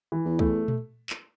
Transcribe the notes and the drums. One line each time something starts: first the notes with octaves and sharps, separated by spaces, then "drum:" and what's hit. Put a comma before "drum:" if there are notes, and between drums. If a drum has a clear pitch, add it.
E3
E2
A3, drum: kick
drum: tom A#2
drum: clap